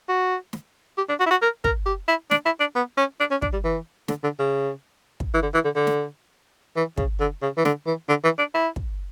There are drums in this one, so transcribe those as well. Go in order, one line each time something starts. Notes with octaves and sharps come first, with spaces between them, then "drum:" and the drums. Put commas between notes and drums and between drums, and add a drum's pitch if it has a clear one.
F#4
drum: snare
G4
D4
F#4
E4
F#4
A#4
A#4, drum: kick
G4
E4
D4, drum: snare
E4
D4
B3
C#4
D4
C#4
D4, drum: kick
G3
E3
D3, drum: snare
D3
C#3
drum: kick
E3
D3
E3
D3
D3
drum: snare
E3
C#3, drum: kick
D3
C#3
E3
D3, drum: snare
E3
D3
E3
D4
E4
drum: kick